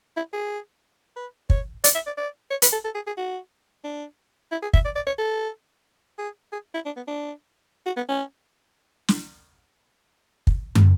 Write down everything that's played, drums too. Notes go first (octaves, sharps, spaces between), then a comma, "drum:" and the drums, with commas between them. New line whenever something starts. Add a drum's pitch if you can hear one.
E4
G#4
B4
C#5, drum: kick
D5, drum: hi-hat
E5
D5
D5
C#5
B4, drum: hi-hat
A4
A4
G#4
G#4
F#4
D4
E4
G#4
E5, drum: kick
D5
D5
C#5
A4
G#4
G#4
E4
D4
B3
D4
F#4
B3
C#4
drum: snare
drum: kick
drum: tom